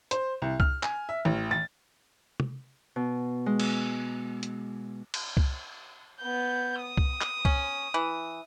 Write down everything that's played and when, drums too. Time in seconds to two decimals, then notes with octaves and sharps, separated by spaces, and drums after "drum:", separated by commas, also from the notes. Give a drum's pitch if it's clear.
0.11 C5, drum: hi-hat
0.42 C2
0.60 F6, drum: kick C2
0.83 G#5, drum: clap
1.09 E5
1.25 A1
1.51 A6
2.40 drum: tom
2.96 B2
3.46 G#3
3.60 drum: cymbal
4.43 drum: hi-hat
5.14 drum: cymbal
5.37 drum: kick C2
6.21 B3 G6
6.81 D#6
6.97 drum: kick C2
7.21 drum: clap
7.45 C#4, drum: kick C2
7.94 E3